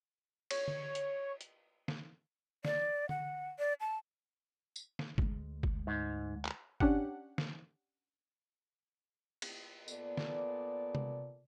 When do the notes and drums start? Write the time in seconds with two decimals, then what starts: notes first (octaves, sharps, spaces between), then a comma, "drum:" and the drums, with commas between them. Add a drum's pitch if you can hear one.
0.51 C#5, drum: cymbal
0.68 drum: tom D3
0.95 drum: hi-hat
1.41 drum: hi-hat
1.88 drum: snare
2.65 D5, drum: snare
3.09 F#5, drum: tom D3
3.59 D5
3.81 A5
4.76 drum: tambourine
4.99 drum: snare
5.18 D2 G#3, drum: kick
5.63 drum: kick
5.87 G#2
6.45 drum: clap
6.80 C#4 D4 G4 F#5, drum: kick
7.38 drum: snare
9.42 drum: cymbal
9.88 A#2 B3 A4 D5, drum: tambourine
10.17 drum: snare
10.95 drum: tom C3